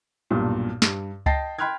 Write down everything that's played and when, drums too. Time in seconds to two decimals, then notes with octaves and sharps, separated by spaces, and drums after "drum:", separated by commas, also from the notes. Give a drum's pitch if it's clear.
0.30 B1 G2 A#2
0.82 G2, drum: snare
1.26 D#5 G5 A5 A6 A#6 C7, drum: kick C#2
1.59 G5 B5 C6 F6 F#6 G#6